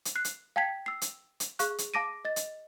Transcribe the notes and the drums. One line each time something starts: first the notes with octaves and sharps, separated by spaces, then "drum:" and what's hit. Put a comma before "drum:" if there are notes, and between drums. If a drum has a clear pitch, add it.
drum: hi-hat
F#6 C7
drum: hi-hat
F5 G5 A5 G#6 B6
E6 C7
drum: hi-hat
drum: hi-hat
G#4 F5 C#6 F#6, drum: hi-hat
drum: hi-hat
F5 A5 D6 A#6 D7 D#7
D#5 A6
drum: hi-hat